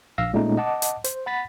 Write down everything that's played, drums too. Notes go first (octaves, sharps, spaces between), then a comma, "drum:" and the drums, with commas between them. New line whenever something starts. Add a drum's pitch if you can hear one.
A#1 F5 E6 A#6
A#2 G#3 A3 C#4 D#4
D#5 F#5 A5 D6
drum: hi-hat
C5, drum: hi-hat
F#5 B5 A6 B6